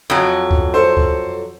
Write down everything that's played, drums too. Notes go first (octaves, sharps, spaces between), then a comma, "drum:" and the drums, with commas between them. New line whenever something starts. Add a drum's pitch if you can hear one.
F2 F#3
drum: kick C#2
A4 C5
drum: kick C#2